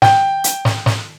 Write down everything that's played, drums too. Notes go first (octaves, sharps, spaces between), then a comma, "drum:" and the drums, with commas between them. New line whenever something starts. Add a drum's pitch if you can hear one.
G5, drum: snare
drum: hi-hat
drum: snare
drum: snare